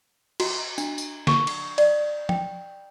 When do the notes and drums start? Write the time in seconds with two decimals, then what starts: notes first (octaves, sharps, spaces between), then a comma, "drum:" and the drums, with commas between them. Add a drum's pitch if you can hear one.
0.40 F#4, drum: cymbal
0.78 D4, drum: tambourine
0.98 drum: tambourine
1.27 C#6, drum: snare D3
1.47 drum: cymbal
1.78 D5, drum: cymbal
2.29 G5, drum: tom